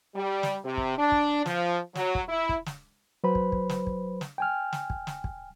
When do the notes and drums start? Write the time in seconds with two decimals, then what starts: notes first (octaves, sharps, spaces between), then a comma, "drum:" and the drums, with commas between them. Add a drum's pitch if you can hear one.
0.16 G3
0.43 drum: snare
0.65 C3
0.77 drum: kick
0.98 D4
1.12 drum: kick
1.46 F3, drum: snare
1.95 F#3, drum: snare
2.15 drum: kick
2.29 E4
2.49 drum: kick
2.66 drum: snare
3.24 F#3 B4 C5 B5
3.35 drum: kick
3.52 drum: kick
3.69 drum: snare
3.87 drum: kick
4.21 drum: snare
4.38 G5 G#5 F6
4.73 drum: snare
4.90 drum: kick
5.07 drum: snare
5.24 drum: kick